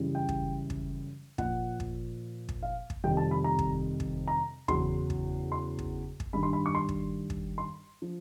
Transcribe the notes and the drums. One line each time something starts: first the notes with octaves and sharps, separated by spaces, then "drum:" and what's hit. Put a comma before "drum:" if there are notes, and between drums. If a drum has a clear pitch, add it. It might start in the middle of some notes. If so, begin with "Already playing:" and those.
Already playing: F#2 C#3 E3 G3
G5
drum: kick
drum: kick
A#2 F3 F#5, drum: kick
drum: kick
drum: kick
F5
drum: kick
F2 C3 D#3 G3 G5
A5
B5
A#5
drum: kick
drum: kick
A#5
E2 C#3 F#3 C6, drum: kick
drum: kick
C6
drum: kick
drum: kick
G2 D#3 G3 B5
C6
B5
C#6
C6
drum: kick
drum: kick
C6
F3